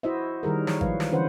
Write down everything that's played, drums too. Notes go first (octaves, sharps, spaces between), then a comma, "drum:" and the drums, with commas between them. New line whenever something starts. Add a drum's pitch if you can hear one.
E4 F#4 C5 D#5 E5
D#3 G3 G#4 A#4
C#5, drum: snare
F3 G#3 B4 F5, drum: kick G#1
drum: snare
D3 E3 C#4 B4 C5 F#5